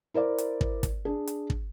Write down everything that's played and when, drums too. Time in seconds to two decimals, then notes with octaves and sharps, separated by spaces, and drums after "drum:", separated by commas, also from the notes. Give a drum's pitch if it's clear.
0.14 E4 A#4 C5 D5
0.38 drum: hi-hat
0.61 drum: kick
0.83 drum: kick, hi-hat
1.05 D4 G#4
1.27 drum: hi-hat
1.50 drum: kick